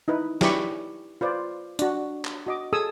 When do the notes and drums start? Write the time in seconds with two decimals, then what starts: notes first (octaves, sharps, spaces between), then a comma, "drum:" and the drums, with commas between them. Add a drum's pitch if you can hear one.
0.08 D#4 E4 B4
0.41 E4 G4 B4 D5 B5 C#6, drum: snare
1.21 F4 B4 C5 D5
1.79 D4 F#4, drum: hi-hat
2.25 drum: clap
2.47 F#4 D#5 D6
2.73 G#4 A4 G#5 D#6 E6